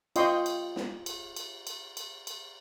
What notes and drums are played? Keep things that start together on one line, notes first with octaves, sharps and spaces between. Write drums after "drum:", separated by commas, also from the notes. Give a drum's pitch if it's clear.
F4 D#5 G5 C6 C#6, drum: cymbal
drum: cymbal
drum: snare
drum: cymbal
drum: cymbal
drum: cymbal
drum: cymbal
drum: cymbal